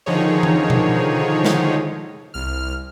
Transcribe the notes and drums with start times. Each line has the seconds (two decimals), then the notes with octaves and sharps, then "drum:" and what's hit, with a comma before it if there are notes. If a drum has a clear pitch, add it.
0.06 D3 D#3 F3 D#4 G#4 C#5
0.43 drum: tom E3
0.70 drum: tom B2
1.45 drum: snare
2.34 C2 F6